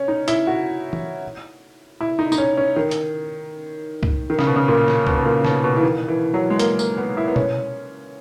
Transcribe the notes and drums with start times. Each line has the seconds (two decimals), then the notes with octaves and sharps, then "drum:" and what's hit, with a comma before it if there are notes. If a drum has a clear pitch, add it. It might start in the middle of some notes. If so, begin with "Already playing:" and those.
Already playing: C#4
0.08 D#4
0.28 E4, drum: hi-hat
0.47 F#4
0.93 drum: tom
2.01 E4
2.19 D#4
2.32 D#4, drum: tambourine
2.38 C#4
2.57 C#4
2.76 D#3
2.91 drum: hi-hat
4.03 drum: kick
4.30 D#3
4.39 C#3, drum: snare
4.47 B2
4.56 C#3
4.68 A#2
4.88 drum: snare
5.07 B2, drum: kick
5.17 B2
5.25 A#2
5.45 B2, drum: snare
5.64 B2
5.76 E3
5.82 D#3
6.08 E3
6.34 F#3
6.50 G#3
6.59 A#3, drum: hi-hat
6.79 A#3, drum: tambourine
6.98 B3
7.17 E4
7.28 B3
7.36 C#4, drum: tom B2